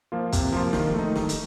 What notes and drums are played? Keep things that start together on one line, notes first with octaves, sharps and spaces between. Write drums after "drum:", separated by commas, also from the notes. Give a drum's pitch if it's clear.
F3 A#3 F4
C3, drum: kick, hi-hat
F3 A#3 F4
D#3, drum: snare
A3 D#4
D#3, drum: snare
drum: hi-hat